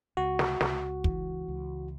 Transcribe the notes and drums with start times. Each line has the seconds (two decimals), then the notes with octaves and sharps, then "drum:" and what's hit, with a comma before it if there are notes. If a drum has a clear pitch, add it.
0.17 C#2 F#4
0.39 drum: snare
0.61 C#2, drum: snare
1.04 E3, drum: kick
1.48 C#2